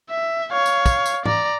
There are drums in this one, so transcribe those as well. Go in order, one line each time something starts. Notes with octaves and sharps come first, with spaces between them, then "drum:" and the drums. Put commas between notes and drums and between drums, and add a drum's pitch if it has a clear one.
E5
C#5 F5
drum: tambourine
drum: kick, tambourine
drum: tambourine
D5 A#5, drum: tom G#2